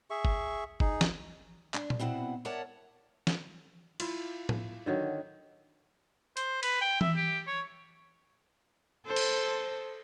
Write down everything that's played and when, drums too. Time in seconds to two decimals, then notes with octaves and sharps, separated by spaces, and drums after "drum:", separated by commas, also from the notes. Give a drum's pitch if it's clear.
0.10 G#4 E5 C#6
0.25 drum: kick F#1
0.80 D#4 G#4, drum: kick F#1
1.01 drum: snare
1.74 D4, drum: clap
1.90 drum: tom A#2
2.00 B2 C4 E4 F#5
2.45 A#4 C#5 D5 E5 F#5 A5
3.27 drum: snare
4.00 E4 F4, drum: cymbal
4.49 drum: tom A2
4.86 D3 D#3 F#3
6.37 C5, drum: hi-hat
6.63 B4, drum: cymbal
6.81 G5
7.01 E5, drum: tom E3
7.16 G4
7.47 C#5
9.06 A4 C5
9.16 drum: cymbal